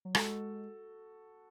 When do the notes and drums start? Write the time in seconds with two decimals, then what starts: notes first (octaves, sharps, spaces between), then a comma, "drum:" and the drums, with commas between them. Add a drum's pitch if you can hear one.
0.05 F#3
0.15 G#3 F#4 A4, drum: rim click